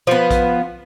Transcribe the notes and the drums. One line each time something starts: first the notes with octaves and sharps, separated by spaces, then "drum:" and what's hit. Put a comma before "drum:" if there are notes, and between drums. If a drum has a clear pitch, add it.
F3 B3
drum: kick A#1, hi-hat